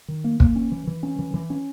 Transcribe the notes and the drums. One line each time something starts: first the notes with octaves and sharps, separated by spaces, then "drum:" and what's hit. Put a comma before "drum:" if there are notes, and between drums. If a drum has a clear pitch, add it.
D#3
A#3
A#3, drum: kick
C#4
E3
E3
C#4
E3
E3
C#4